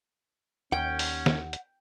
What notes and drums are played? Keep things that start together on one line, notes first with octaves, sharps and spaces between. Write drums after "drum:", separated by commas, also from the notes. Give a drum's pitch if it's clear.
D#2 C#4 F#5 G5
drum: open hi-hat
drum: snare
drum: hi-hat